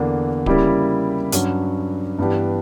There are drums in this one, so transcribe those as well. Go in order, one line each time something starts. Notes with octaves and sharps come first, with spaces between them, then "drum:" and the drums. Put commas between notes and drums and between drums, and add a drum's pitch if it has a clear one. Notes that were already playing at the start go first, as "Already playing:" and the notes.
Already playing: E2 D3 A#3 D4
C#3 G3 A#3 E4 G4, drum: kick D1
G2 F#3 C#4 F#4, drum: hi-hat
G2 E3 B3 D4 G4